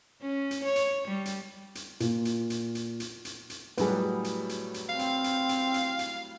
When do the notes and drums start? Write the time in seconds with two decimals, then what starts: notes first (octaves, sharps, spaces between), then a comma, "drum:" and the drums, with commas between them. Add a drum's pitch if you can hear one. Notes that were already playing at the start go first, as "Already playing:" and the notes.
0.22 C#4
0.51 drum: hi-hat
0.64 C#5
0.76 drum: hi-hat
1.08 G3
1.25 drum: hi-hat
1.75 drum: hi-hat
2.00 A#2, drum: hi-hat
2.25 drum: hi-hat
2.50 drum: hi-hat
2.75 drum: hi-hat
3.00 drum: hi-hat
3.25 drum: hi-hat
3.50 drum: hi-hat
3.78 A2 F#3 G3 G#4 B4, drum: hi-hat
4.24 drum: hi-hat
4.49 drum: hi-hat
4.74 drum: hi-hat
4.89 C4 F5
4.99 drum: hi-hat
5.24 drum: hi-hat
5.49 drum: hi-hat
5.74 drum: hi-hat
5.99 drum: hi-hat